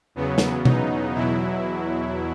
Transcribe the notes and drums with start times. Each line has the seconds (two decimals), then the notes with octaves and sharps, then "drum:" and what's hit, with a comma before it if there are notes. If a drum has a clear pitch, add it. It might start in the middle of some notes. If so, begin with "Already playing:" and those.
0.15 E2 C#3 F#3 B3
0.38 drum: snare
0.65 D#4, drum: tom B2
1.15 E2 B2 F#3 E4